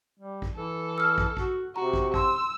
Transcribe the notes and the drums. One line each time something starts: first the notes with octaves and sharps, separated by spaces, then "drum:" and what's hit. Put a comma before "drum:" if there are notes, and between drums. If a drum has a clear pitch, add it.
G3
drum: kick
E3 A4
E6 F6
drum: kick
F#4, drum: kick
C3 F#4 A#5 C#6
drum: kick
A5 C6 E6, drum: kick